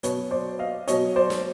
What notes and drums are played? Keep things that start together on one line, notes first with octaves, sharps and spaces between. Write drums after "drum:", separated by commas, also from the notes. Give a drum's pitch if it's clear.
B2 F#3 B4 C#5, drum: hi-hat
C5 D5
D#5 F5
B2 F#3 C#5 D#5, drum: hi-hat
C5 D5
drum: snare